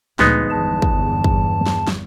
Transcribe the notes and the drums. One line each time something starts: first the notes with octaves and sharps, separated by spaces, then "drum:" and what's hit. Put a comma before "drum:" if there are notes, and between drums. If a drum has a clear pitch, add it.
D2 A#2 F3 G#3 B3 D#4, drum: snare
G1 E2 A5
drum: kick
drum: kick
drum: snare
drum: snare